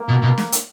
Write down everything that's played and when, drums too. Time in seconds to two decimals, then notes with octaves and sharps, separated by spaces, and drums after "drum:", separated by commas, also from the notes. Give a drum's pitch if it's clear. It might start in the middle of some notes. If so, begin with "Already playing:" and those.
Already playing: A#3
0.09 B2
0.23 B2
0.38 drum: snare
0.52 drum: hi-hat